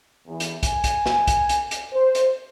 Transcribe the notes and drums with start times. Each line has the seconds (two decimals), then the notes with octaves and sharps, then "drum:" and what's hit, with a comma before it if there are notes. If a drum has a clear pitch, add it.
0.27 E2
0.40 drum: hi-hat
0.63 G#5, drum: kick, hi-hat
0.84 drum: kick, hi-hat
1.06 drum: snare
1.27 drum: kick, hi-hat
1.49 drum: hi-hat
1.71 drum: hi-hat
1.93 C5
2.15 drum: hi-hat